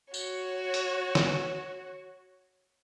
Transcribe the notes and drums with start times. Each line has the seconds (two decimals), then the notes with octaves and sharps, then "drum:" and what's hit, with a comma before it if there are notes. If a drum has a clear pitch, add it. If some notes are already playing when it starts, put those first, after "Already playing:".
0.14 F#4 C#5, drum: tambourine
0.74 drum: hi-hat
1.15 drum: snare